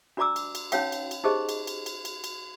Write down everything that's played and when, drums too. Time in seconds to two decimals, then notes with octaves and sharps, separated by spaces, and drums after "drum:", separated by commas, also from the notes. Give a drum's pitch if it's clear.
0.17 D4 F#4 D5 A#5 D6 E6
0.36 drum: cymbal
0.55 drum: cymbal
0.72 C#4 D#4 F#4 C#5 F5 G5, drum: cymbal
0.92 drum: cymbal
1.11 drum: cymbal
1.24 D#4 G4 G#4 C5 D#5
1.49 drum: cymbal
1.67 drum: cymbal
1.86 drum: cymbal
2.05 drum: cymbal
2.24 drum: cymbal